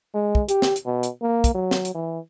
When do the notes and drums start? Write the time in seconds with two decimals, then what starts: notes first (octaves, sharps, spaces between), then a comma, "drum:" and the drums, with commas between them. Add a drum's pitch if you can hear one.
0.14 G#3
0.35 drum: kick
0.49 G4, drum: hi-hat
0.62 drum: snare
0.76 drum: hi-hat
0.86 B2
1.03 drum: hi-hat
1.22 A#3
1.44 drum: kick, hi-hat
1.54 F#3
1.71 drum: snare
1.85 drum: hi-hat
1.94 E3